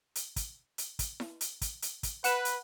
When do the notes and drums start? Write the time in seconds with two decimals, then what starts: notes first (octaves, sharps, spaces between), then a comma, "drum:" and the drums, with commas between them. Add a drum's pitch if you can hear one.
0.15 drum: hi-hat
0.36 drum: kick, hi-hat
0.78 drum: hi-hat
0.99 drum: kick, hi-hat
1.20 drum: snare E4
1.41 drum: hi-hat
1.61 drum: kick, hi-hat
1.82 drum: hi-hat
2.03 drum: kick, hi-hat
2.24 B4 F#5 F#6 E7, drum: hi-hat
2.45 drum: hi-hat